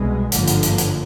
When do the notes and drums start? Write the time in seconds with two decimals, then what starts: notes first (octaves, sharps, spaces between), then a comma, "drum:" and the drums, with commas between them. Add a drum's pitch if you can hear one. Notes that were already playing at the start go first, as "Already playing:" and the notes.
Already playing: C2 B2 G#3
0.32 G#1 G2 D3 F3 A#3, drum: hi-hat
0.48 drum: hi-hat
0.63 drum: hi-hat
0.78 drum: hi-hat